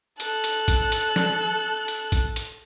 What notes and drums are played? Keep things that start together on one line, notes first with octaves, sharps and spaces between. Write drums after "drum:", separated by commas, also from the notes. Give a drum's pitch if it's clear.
A4 F#6, drum: hi-hat
drum: hi-hat
drum: kick, hi-hat
drum: hi-hat
drum: snare
drum: hi-hat
drum: kick, hi-hat
drum: hi-hat